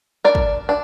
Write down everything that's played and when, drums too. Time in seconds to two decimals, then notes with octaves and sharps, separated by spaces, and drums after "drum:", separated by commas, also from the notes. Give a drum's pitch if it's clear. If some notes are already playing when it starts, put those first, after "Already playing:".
0.25 D4 A#4 D5
0.35 drum: kick
0.69 D4